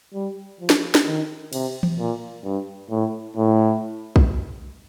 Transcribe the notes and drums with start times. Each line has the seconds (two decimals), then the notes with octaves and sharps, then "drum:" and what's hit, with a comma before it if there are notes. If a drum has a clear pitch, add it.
0.14 G3
0.60 F3
0.70 drum: snare
0.95 drum: snare
1.07 D#3
1.53 C3, drum: cymbal
1.83 drum: tom E3
1.99 A#2
2.44 G2
2.91 A2
3.37 A2
4.16 drum: kick B1